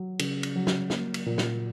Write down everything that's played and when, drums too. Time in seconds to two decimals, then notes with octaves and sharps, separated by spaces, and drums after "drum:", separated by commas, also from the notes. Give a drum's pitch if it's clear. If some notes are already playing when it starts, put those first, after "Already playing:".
Already playing: F#3
0.19 C#3, drum: cymbal
0.43 drum: cymbal
0.55 F#3
0.67 drum: snare
0.90 A#3, drum: snare
1.14 drum: cymbal
1.26 A#2
1.38 drum: snare